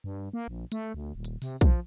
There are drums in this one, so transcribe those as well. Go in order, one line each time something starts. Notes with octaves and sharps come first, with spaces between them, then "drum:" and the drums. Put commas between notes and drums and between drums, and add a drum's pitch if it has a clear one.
G2
A#3
A#1
A3, drum: hi-hat
D2
D#1
drum: hi-hat
C3, drum: open hi-hat
F3, drum: kick, hi-hat